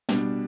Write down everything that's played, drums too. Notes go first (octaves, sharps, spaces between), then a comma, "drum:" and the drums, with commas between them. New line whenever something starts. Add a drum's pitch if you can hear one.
B2 G3 D4, drum: snare